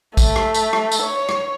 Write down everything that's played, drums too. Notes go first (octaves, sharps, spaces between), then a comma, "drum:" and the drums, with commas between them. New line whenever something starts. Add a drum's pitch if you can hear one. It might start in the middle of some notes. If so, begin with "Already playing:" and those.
A3, drum: kick, tambourine
drum: rim click
drum: tambourine
drum: rim click
drum: tambourine
C#5
drum: rim click